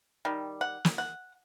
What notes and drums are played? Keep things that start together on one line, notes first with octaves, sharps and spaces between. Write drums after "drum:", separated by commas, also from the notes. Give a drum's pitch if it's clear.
D#3 G3
F#5
drum: snare
F#5